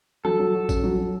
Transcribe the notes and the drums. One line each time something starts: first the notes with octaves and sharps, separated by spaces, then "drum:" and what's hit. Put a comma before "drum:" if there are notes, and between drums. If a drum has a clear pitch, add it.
F#3 A4, drum: tom E3
F#3
F#4
C#4, drum: kick, tambourine
F#3
F#3